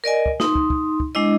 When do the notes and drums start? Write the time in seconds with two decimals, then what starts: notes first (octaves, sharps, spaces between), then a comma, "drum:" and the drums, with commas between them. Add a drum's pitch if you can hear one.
0.04 A#4 D5 D#5 G#5
0.26 drum: kick
0.40 D#4 C6, drum: snare
0.55 drum: kick
0.70 drum: kick
1.00 drum: kick
1.15 G#3 D4 E4 D#5